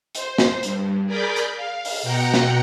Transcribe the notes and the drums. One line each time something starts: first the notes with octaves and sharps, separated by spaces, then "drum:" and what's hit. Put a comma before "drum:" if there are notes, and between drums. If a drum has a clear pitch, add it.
C5, drum: hi-hat
drum: snare
G2, drum: hi-hat
G#4 A#4 D5 B5 D6 G6
drum: hi-hat
F5
drum: open hi-hat
B2 F#5 G5 A#5 C#7
drum: snare